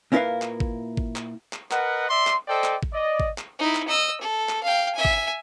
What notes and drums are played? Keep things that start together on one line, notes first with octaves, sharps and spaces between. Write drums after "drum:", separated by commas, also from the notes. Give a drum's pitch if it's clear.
A#2 C#4 E4 A#4 B4 F5
drum: clap
drum: kick G#1
drum: kick G#1
drum: clap
drum: clap
A#4 B4 D#5 F#5, drum: clap
D5 E5 C6
drum: clap
A4 C5 D5 D#5 G5
drum: clap
drum: kick G#1
D5 D#5
drum: kick G#1
drum: clap
D#4 E4
drum: clap
D#5 E6
A4
drum: clap
F5 G5
E5 G#5
drum: kick G#1